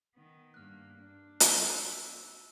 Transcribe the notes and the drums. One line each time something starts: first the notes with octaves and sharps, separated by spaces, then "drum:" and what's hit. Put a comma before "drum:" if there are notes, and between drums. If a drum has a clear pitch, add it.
D#3 B3
G2 A#3 F6 F#6
D4
E6 B6 D#7, drum: hi-hat